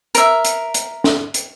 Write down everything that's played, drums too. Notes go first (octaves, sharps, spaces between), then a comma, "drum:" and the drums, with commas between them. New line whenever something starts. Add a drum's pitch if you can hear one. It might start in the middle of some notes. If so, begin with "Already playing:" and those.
A#4 E5, drum: hi-hat
drum: hi-hat
drum: hi-hat
drum: snare
drum: hi-hat